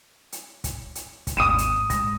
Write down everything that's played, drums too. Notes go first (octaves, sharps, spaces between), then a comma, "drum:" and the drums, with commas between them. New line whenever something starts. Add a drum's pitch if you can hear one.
drum: hi-hat
drum: kick, hi-hat
drum: hi-hat
drum: kick, hi-hat
G#1 D#2 D#6 D#7 E7
drum: hi-hat
G#2 A#6, drum: kick, hi-hat